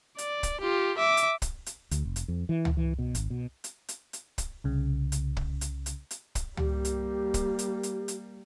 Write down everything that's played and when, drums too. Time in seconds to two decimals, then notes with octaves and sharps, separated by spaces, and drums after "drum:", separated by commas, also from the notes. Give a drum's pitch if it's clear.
0.18 D5, drum: hi-hat
0.43 drum: kick, hi-hat
0.61 F4 G4
0.98 E5 D6
1.17 drum: hi-hat
1.42 drum: kick, hi-hat
1.66 drum: hi-hat
1.91 D2, drum: hi-hat
2.05 F1
2.16 drum: hi-hat
2.28 F2
2.49 E3
2.65 drum: tom
2.77 E3
2.99 B2
3.15 G#1, drum: hi-hat
3.30 B2
3.64 drum: hi-hat
3.89 drum: hi-hat
4.13 drum: hi-hat
4.38 drum: kick, hi-hat
4.64 C2 C#3
5.12 drum: hi-hat
5.37 drum: kick
5.61 drum: hi-hat
5.86 drum: hi-hat
6.11 drum: hi-hat
6.35 drum: kick, hi-hat
6.57 G3 A#3 G4, drum: tom
6.85 drum: hi-hat
7.34 drum: kick, hi-hat
7.59 drum: hi-hat
7.83 drum: hi-hat
8.08 drum: hi-hat